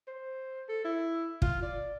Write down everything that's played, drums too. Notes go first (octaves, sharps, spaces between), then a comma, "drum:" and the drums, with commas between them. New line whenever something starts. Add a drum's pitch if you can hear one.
C5
A4
E4
F4, drum: kick
D5